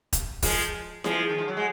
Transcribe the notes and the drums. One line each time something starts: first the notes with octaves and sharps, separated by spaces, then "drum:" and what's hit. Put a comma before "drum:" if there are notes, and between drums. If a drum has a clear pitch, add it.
drum: kick E1, hi-hat
F3 G#3, drum: kick E1, open hi-hat
F3 G#3, drum: snare E4
D#3
F3
F#3
G#3